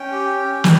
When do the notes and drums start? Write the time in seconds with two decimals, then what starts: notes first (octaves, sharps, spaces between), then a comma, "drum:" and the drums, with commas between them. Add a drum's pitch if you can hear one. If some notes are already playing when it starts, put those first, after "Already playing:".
Already playing: C#4 G5
0.12 G4
0.38 C#4
0.64 G#4, drum: snare